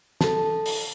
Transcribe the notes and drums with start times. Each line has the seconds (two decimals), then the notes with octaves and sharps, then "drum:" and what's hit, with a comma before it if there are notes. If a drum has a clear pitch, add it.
0.21 A4 A5, drum: snare
0.66 drum: open hi-hat